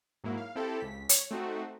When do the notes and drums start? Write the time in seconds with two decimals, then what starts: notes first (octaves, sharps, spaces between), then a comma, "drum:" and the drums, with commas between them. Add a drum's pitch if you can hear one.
0.24 G#2 F#3 A#3 E4
0.37 F5
0.56 C4 E4 G4 A4
0.80 C#2 B6
1.09 C#5, drum: hi-hat
1.31 A3 C4 D#4 F#4